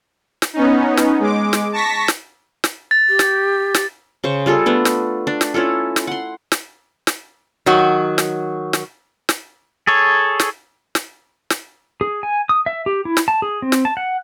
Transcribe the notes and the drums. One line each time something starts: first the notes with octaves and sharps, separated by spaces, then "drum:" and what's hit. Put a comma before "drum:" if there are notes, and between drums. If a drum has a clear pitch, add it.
drum: snare
B3 C#4 D#4
drum: snare
G#3 D6
drum: snare
A5 C#6 A#6 B6
drum: snare
drum: snare
A6
G4
drum: snare
drum: snare
C#3 C5 C#6
G3 F4 G#4 A4
A3 B3 D4
drum: snare
D4
drum: snare
C#4 E4 F4 A4
drum: snare
F#5 C6
drum: snare
drum: snare
D#3 F#3 F#4
drum: snare
drum: snare
drum: snare
G#4 A4 C#5
drum: snare
drum: snare
drum: snare
G#4
G#5
D#6
E5
G4
E4
drum: snare
A5
G#4
C4
drum: snare
A5
F#5